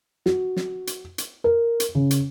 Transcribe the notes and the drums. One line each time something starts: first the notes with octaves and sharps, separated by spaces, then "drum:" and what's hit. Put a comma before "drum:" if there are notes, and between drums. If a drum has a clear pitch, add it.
F#4, drum: snare
drum: snare
drum: hi-hat
drum: hi-hat
A#4
drum: hi-hat
C#3
drum: hi-hat